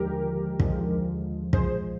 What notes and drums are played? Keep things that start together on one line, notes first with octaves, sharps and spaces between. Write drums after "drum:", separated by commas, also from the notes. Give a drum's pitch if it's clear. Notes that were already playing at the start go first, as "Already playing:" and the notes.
Already playing: D#2 D3 F3 G#3 G4 A#4
D#2 D3 F3 G#3, drum: kick
A#2 F3 G#3 G#4 C5, drum: kick